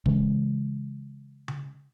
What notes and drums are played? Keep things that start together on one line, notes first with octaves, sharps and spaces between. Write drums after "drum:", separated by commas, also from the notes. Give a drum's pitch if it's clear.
C#3 E3 G#3, drum: kick
drum: tom C#3